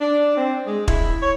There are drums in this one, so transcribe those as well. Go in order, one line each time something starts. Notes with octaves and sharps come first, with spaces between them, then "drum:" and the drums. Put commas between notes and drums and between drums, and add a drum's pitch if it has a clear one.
D4
C4
G#3
E4, drum: kick E1
C#5